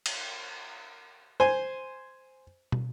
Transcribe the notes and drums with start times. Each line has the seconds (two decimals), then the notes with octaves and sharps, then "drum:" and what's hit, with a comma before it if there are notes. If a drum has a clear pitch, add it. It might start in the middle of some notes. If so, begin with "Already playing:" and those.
0.06 drum: cymbal
1.40 C5 G#5
2.72 drum: tom